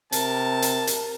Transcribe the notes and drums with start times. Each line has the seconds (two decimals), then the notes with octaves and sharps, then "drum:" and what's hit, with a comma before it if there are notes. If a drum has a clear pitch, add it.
0.12 C3 A#4 A5, drum: hi-hat
0.62 drum: hi-hat
0.87 drum: hi-hat